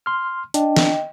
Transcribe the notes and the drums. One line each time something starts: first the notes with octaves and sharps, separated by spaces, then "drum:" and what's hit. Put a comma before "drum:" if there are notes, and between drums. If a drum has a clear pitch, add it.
C6 F6
D4 D#5 G5, drum: hi-hat
drum: snare